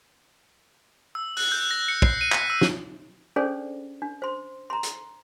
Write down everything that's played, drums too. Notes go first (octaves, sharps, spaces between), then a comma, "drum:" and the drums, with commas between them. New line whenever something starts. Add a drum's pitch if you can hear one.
E6
F#6, drum: open hi-hat
G6
A#6
C#7
C7, drum: kick
D#7
B6, drum: clap
E6
drum: snare
C#4 D4 G#4 A4 C5 D5
D4
C5 C6
A#5 C6
drum: hi-hat